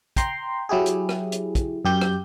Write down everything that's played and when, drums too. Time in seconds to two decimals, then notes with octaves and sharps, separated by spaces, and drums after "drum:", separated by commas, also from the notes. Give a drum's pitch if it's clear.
0.16 G5 A#5 C6, drum: kick, hi-hat
0.69 F#3 E4 G4 G#4
0.86 drum: hi-hat
1.09 drum: rim click
1.32 drum: hi-hat
1.55 drum: kick, hi-hat
1.85 F#2 G4 G6
2.01 drum: rim click